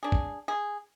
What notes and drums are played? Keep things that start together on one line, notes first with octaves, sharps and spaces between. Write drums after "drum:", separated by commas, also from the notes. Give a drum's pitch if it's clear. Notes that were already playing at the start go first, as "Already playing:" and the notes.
D4 G#4
drum: kick
G#4